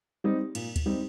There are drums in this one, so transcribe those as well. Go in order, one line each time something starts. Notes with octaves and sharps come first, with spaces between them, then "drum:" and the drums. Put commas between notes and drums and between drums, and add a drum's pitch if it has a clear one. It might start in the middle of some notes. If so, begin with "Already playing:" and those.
G3 C4 D#4
A#2, drum: cymbal
drum: kick D2, cymbal
G3 C4 D#4